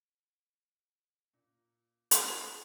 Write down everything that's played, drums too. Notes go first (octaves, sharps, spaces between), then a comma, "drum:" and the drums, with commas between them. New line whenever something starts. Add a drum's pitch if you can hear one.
A#2
drum: hi-hat